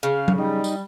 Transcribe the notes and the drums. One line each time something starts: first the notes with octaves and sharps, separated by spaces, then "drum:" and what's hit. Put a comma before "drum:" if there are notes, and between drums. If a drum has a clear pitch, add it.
C#3 F5
drum: tom F#3
G3 D#4
drum: tambourine